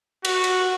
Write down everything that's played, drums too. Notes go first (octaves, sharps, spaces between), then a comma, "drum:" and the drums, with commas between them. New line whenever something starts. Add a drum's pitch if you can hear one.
F#4, drum: cymbal
drum: cymbal